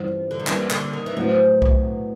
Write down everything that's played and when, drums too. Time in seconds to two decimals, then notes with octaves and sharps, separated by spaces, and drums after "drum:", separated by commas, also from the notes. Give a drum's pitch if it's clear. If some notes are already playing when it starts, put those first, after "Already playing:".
Already playing: G2 E3 F3 G3
0.31 D3
0.40 D#3
0.47 E3 G3 A#3 D4, drum: clap
0.71 D3, drum: clap
0.93 D#3
1.06 E3
1.17 A2 F3 F#3 B3
1.62 drum: kick C2